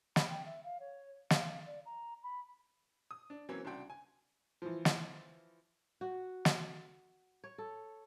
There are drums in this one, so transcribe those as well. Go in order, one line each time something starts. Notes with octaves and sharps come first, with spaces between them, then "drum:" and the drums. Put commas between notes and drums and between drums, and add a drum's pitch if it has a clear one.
B5, drum: snare
G5
E5
F5
C#5
F5, drum: snare
D5
A#5
B5
D#6
D4
E3 F#3 A#3 C4 C#4
C2 C#3 D4 F#4 G5 C6
G#5
E3 F3
drum: snare
F#4
drum: snare
C#5
A4